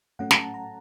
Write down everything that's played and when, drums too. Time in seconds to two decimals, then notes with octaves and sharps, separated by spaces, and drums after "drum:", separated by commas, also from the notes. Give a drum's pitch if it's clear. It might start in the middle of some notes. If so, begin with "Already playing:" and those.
0.19 A2 F#3 A3 C#4 F#5
0.31 A#5, drum: snare
0.36 A5
0.54 A#5